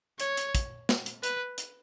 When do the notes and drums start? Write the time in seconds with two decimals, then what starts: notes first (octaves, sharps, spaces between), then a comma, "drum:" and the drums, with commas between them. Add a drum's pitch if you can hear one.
0.20 C#5, drum: hi-hat
0.37 drum: hi-hat
0.55 drum: kick, hi-hat
0.89 drum: snare
1.06 drum: hi-hat
1.23 B4, drum: hi-hat
1.58 drum: hi-hat